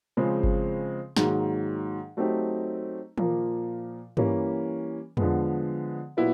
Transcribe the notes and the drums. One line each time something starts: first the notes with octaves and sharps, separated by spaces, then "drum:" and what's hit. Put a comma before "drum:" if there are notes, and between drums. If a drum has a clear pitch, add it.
C#3 F3 G#3 C4
drum: kick G1
G#2 D#3 F#3 A#3, drum: snare
F#3 A3 C4 D#4 G4
A#2 F3 A#3, drum: tom
E3 G3 A#3 C#4, drum: tom
D3 F3 G#3 B3, drum: tom
A#2 F#3 B3 E4